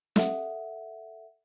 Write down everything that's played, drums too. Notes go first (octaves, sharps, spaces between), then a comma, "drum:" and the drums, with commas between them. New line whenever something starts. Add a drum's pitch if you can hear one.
A4 E5 F#5, drum: snare